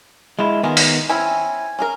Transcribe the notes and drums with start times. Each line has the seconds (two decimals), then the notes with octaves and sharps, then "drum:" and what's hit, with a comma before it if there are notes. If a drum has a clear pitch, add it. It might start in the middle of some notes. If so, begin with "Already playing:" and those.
0.39 G#3 E4 F4
0.63 D#3 B3 F4 G#4 A#4
0.77 drum: open hi-hat
1.10 C4 C#4 E4 G#5
1.79 C#4 G#4 A#4